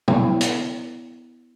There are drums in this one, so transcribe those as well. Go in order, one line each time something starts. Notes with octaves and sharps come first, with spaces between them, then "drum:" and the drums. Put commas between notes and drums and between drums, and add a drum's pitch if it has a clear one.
B3 E4 G5, drum: tom
drum: hi-hat